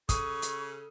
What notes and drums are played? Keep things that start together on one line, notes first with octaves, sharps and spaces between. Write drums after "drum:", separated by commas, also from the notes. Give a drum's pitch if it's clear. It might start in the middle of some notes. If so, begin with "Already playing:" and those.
C#3 A4 C#6 D#6, drum: kick, hi-hat
drum: hi-hat